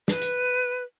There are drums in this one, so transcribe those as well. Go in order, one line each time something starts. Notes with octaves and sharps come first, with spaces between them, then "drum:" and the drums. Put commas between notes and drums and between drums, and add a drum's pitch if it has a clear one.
B4, drum: snare
drum: hi-hat